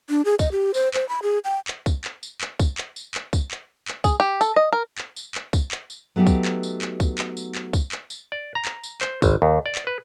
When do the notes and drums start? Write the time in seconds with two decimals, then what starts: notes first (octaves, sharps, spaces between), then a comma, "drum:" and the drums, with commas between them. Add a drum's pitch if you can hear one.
0.10 D4
0.25 G#4
0.39 D#5, drum: kick, tambourine
0.52 G4
0.74 C5, drum: tambourine
0.94 C5, drum: clap
1.09 B5
1.22 G#4
1.45 G5
1.68 drum: clap
1.86 drum: kick, tambourine
2.04 drum: clap
2.23 drum: tambourine
2.41 drum: clap
2.59 drum: kick, tambourine
2.78 drum: clap
2.96 drum: tambourine
3.15 drum: clap
3.33 drum: kick, tambourine
3.51 drum: clap
3.88 drum: clap
4.04 G#4, drum: kick, tambourine
4.20 G4
4.41 A4, drum: tambourine
4.56 D#5
4.73 A#4
4.98 drum: clap
5.16 drum: tambourine
5.35 drum: clap
5.53 drum: kick, tambourine
5.71 drum: clap
5.90 drum: tambourine
6.16 F#3 A3 B3 D#4 G4
6.27 drum: kick, tambourine
6.45 drum: clap
6.63 drum: tambourine
6.82 drum: clap
7.00 drum: kick, tambourine
7.18 drum: clap
7.37 drum: tambourine
7.55 drum: clap
7.73 drum: kick, tambourine
7.92 drum: clap
8.10 drum: tambourine
8.32 D5
8.55 A#5
8.65 drum: clap
8.84 drum: tambourine
9.01 C5, drum: clap
9.22 G#1, drum: kick, tambourine
9.42 D#2
9.66 D5
9.75 drum: clap
9.87 B4